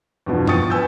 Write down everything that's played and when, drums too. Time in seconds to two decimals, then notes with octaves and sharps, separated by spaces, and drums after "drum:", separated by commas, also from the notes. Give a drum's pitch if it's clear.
0.26 E2 G2 B2 F3
0.47 F3 G5 C#6 D#6 A6 C#7, drum: tom
0.70 B4 G#5 E6 G6